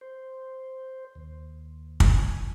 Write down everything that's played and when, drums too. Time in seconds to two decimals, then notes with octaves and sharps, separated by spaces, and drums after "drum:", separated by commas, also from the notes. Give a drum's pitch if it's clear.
0.01 C5
1.15 D#2
2.00 G#5, drum: kick